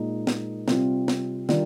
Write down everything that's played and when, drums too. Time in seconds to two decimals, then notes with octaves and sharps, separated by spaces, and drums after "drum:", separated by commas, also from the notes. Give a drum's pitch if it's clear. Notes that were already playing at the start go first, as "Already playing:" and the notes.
Already playing: A#2 G#3 D#4
0.27 drum: snare
0.68 C3 G3 C4 F4, drum: snare
1.08 drum: snare
1.49 D#3 G3 D4 F4, drum: snare